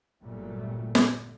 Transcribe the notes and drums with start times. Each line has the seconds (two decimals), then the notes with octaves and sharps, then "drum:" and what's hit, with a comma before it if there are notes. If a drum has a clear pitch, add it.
0.22 G1 A#2 F#3 G3 A3
0.95 drum: snare